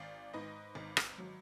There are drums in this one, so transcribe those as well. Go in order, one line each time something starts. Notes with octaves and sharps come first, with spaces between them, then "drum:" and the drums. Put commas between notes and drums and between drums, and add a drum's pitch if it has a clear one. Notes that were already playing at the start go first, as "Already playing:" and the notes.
Already playing: G#1 D5 F5
G#2 B4 D#5
G#1
drum: rim click
F#3